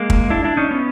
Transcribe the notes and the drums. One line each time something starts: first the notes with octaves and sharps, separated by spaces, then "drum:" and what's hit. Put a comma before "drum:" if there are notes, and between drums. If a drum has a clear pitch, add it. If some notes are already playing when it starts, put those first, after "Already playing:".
Already playing: G#3 A#3
drum: kick
D4 E4
D4 E4
C#4 D#4
B3 C#4